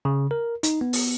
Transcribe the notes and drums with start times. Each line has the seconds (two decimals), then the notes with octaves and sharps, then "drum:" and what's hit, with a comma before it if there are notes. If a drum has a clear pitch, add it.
0.05 C#3
0.31 A#4
0.63 D#4, drum: hi-hat
0.81 B3
0.93 drum: open hi-hat